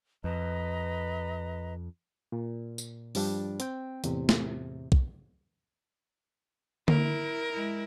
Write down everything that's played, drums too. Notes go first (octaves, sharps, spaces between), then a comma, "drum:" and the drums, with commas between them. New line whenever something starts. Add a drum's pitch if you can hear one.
F2 B4 D#5 A#5
A#2
drum: tambourine
G2 F3 G3 D4, drum: open hi-hat
C4 G5, drum: hi-hat
E2 A2 C3, drum: hi-hat
drum: snare
drum: kick
E4 A#4, drum: tom D3
G#3 E4